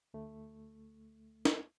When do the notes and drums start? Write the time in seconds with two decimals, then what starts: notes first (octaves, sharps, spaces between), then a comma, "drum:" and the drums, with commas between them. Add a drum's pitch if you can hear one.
0.14 D2 A3
1.45 drum: snare